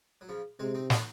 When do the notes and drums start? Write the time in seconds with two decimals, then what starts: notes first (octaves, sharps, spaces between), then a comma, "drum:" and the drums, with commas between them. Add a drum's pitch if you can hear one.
0.21 F#3
0.29 C#3 F3
0.60 C3 G#3 C4
0.74 C4 D#4
0.90 D#4 F#4, drum: snare